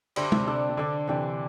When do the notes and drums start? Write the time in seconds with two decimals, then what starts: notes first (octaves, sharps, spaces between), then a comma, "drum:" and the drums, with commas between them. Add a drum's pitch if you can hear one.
0.16 D3 G3 D4 C5 E5, drum: cymbal
0.32 C3, drum: tom G#3
0.47 C3 D4 A4 D5
0.69 C3
0.77 D3 D4 A4 D5
1.07 C3 E3 D4 G4 D5